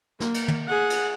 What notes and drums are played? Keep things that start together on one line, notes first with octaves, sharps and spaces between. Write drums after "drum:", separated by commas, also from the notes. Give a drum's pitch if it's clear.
A#3, drum: snare
drum: cymbal
drum: tom
G#4 F#5
drum: cymbal